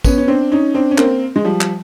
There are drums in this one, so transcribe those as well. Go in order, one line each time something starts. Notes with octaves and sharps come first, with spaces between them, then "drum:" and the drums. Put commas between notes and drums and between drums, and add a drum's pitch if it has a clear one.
B3 C#4, drum: kick, tambourine
C#4
C4 D4
C#4 D#4
C4 D4
C#4
A#3 C4, drum: clap
G#3
F3 G3
drum: clap